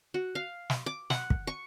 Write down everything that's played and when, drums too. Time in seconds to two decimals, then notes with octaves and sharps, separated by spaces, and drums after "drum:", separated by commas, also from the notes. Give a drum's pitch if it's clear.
0.14 F#4
0.35 F5
0.70 drum: snare
0.86 D6
1.10 F#5, drum: snare
1.30 drum: kick
1.47 C#6